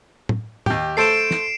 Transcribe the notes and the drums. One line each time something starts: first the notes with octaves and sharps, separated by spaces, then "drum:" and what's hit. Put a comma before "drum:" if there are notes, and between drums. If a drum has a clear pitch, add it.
drum: tom
D#2 G4, drum: tom
A3 A4 C5 C7 D7 E7
drum: snare